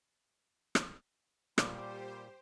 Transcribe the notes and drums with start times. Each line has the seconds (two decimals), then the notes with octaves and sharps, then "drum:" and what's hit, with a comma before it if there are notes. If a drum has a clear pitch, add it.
0.75 drum: rim click
1.58 A#2 G3 G4 C5 B5 D6, drum: rim click